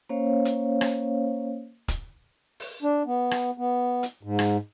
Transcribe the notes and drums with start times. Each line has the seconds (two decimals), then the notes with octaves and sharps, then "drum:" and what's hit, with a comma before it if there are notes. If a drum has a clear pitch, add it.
0.09 A#3 C#4 C5 C#5 F5
0.45 drum: hi-hat
0.81 drum: rim click
1.88 drum: kick, hi-hat
2.60 drum: open hi-hat
2.83 D4
3.06 B3
3.31 drum: rim click
3.58 B3
4.03 drum: hi-hat
4.23 G#2
4.39 drum: rim click